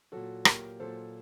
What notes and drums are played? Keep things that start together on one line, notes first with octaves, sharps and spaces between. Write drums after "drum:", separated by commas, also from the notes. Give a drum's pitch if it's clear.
A#2 F#3 F#4 A4
A#2 F#3 G4 A#4, drum: rim click
A#2 F#3 A4 C5